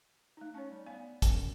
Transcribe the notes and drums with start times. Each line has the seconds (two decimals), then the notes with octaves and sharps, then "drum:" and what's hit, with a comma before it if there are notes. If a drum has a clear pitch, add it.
0.37 A3 D#4
0.54 C#4 C#5 A5
0.70 G3
0.86 B3 D5 F5 G#5
1.22 F#2, drum: kick, hi-hat